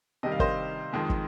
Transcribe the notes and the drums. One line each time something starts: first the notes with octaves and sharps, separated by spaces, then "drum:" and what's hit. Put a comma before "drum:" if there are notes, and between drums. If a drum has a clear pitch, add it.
C3 D#3 G3 D#5
F5
C5 D#5, drum: kick
F2 D#3 G#3
drum: kick